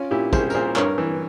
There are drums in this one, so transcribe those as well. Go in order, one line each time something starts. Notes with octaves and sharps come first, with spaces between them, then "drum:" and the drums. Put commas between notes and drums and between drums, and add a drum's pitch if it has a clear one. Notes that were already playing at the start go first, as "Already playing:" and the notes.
Already playing: C#4 F4
A#2 E4 G4
C2 G#4 C5, drum: kick, tambourine
A#4, drum: tambourine
A#2 G#4 C5
G2 A#4 C#5, drum: clap
E3